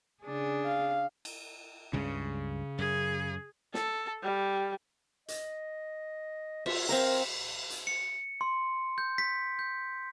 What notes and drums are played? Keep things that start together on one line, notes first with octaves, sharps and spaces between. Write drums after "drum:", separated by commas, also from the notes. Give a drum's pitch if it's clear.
C#3 D4 G#4
F5
drum: cymbal
C#2 G2 C#3 G#3
F#2 G#4
A4, drum: snare
G3
D#5, drum: hi-hat
F4 E5, drum: cymbal
C4 A#4 F5 A#5, drum: hi-hat
drum: hi-hat
C#7
C6
G6
B6
G6